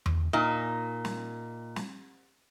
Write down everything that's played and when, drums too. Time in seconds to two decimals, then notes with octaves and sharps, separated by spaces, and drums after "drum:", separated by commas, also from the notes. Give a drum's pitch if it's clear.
0.06 drum: tom E2
0.33 A#2 D#4
1.05 drum: snare
1.76 drum: snare